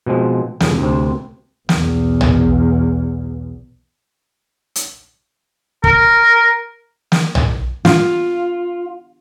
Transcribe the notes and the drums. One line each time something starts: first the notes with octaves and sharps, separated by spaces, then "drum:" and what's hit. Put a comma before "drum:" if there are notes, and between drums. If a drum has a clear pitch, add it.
B2 F3 G#3 C4
C2 F2 C#3, drum: snare
D2 C3 C4
B1 E2, drum: snare
drum: tom B1
drum: hi-hat
A#4, drum: kick
drum: snare
drum: tom B1
F4, drum: snare